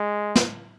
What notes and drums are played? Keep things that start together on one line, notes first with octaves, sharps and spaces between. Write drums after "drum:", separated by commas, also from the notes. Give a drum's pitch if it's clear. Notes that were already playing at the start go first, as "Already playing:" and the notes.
Already playing: G#3
drum: snare